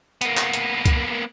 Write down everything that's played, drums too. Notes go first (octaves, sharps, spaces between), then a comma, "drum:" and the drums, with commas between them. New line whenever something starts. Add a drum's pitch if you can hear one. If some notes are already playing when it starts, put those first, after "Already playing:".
A#3 B3, drum: hi-hat
drum: clap
drum: hi-hat
drum: kick C#2, hi-hat